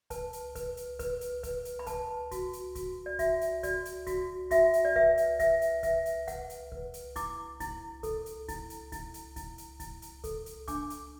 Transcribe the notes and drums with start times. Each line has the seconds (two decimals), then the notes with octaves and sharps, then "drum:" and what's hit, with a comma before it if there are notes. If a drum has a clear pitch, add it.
0.10 B4 A5, drum: kick C#2, hi-hat
0.33 drum: hi-hat
0.55 B4, drum: kick C#2, hi-hat
0.77 drum: hi-hat
0.99 B4, drum: kick C#2, hi-hat
1.21 drum: hi-hat
1.43 B4, drum: kick C#2, hi-hat
1.65 drum: hi-hat
1.79 B5
1.87 B4 A5, drum: kick C#2, hi-hat
2.31 F#4, drum: kick C#2, hi-hat
2.53 drum: hi-hat
2.75 F#4, drum: kick C#2, hi-hat
3.06 D5
3.19 F#4 E5, drum: kick C#2, hi-hat
3.41 drum: hi-hat
3.63 F#4 D5, drum: kick C#2, hi-hat
3.85 drum: hi-hat
4.07 F#4, drum: kick C#2, hi-hat
4.51 F#4 E5, drum: kick C#2, hi-hat
4.73 drum: hi-hat
4.85 D5
4.96 B4 E5, drum: kick C#2
5.17 drum: hi-hat
5.39 B4 E5, drum: kick C#2, hi-hat
5.62 drum: hi-hat
5.83 B4 E5, drum: kick C#2, hi-hat
6.06 drum: hi-hat
6.28 B4 F#5, drum: kick C#2, hi-hat
6.50 drum: hi-hat
6.72 B4, drum: kick C#2
6.94 drum: hi-hat
7.16 E4 D6, drum: kick C#2, hi-hat
7.60 E4, drum: kick C#2, hi-hat
8.03 A4, drum: kick C#2, hi-hat
8.26 drum: hi-hat
8.48 E4, drum: kick C#2, hi-hat
8.70 drum: hi-hat
8.92 E4, drum: kick C#2, hi-hat
9.14 drum: hi-hat
9.36 E4, drum: kick C#2, hi-hat
9.58 drum: hi-hat
9.80 E4, drum: kick C#2, hi-hat
10.02 drum: hi-hat
10.24 A4, drum: kick C#2, hi-hat
10.46 drum: hi-hat
10.68 D4 D6, drum: kick C#2, hi-hat
10.90 drum: hi-hat